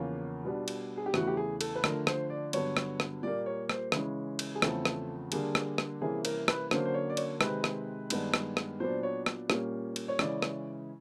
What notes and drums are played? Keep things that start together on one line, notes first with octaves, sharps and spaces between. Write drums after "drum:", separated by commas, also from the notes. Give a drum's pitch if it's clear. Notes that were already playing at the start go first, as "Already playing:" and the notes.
Already playing: E2 C#3 F3 A#3 C#4 F4
B2 G3 B3 D4
drum: cymbal
G#4
G4
E2 C#3 E3 A3 F#4, drum: rim click
G4
G#4
A4, drum: cymbal
B4
D3 F3 A3 D4 A#4, drum: rim click
C5, drum: rim click
D5
G2 D3 F#3 B3 C#5, drum: cymbal
drum: rim click
drum: rim click
A#2 G3 A#3 D5
C#5
C5, drum: rim click
C#3 E3 G#3 C#4, drum: rim click
drum: cymbal
G#4
E2 C#3 F3 A3 C4 A4, drum: rim click
drum: rim click
D3 G3 A#3 D4 G#4, drum: cymbal
drum: rim click
drum: rim click
C3 E3 G3 A#3 C#4 G#4
A#4, drum: cymbal
B4, drum: rim click
D3 F#3 A#3 C#4 C5, drum: rim click
C5
C#5
D5
C#5, drum: cymbal
C3 D#3 G#3 C4 B4, drum: rim click
drum: rim click
G2 D#3 G#3 B3 D4, drum: cymbal
drum: rim click
drum: rim click
A#2 F#3 B3 D4 C5
C#5
drum: rim click
A#2 G3 A#3 C#4, drum: rim click
drum: cymbal
C#5
C#3 E3 G#3 C#4 D5, drum: rim click
drum: rim click